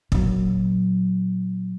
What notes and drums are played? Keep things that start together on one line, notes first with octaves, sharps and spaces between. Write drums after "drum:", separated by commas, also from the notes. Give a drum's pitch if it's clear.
A#2 F#3, drum: kick